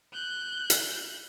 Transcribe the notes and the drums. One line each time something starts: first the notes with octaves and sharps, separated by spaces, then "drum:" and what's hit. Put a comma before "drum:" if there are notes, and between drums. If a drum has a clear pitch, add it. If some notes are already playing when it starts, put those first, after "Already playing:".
F#6 G6
drum: hi-hat